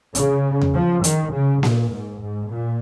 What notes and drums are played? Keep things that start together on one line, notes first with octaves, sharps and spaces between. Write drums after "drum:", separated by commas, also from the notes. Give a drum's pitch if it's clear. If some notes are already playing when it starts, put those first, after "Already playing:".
C#3, drum: hi-hat
drum: tom E2
F3
D#3, drum: hi-hat
C#3
A#2, drum: snare A#3
G#2
G#2
A#2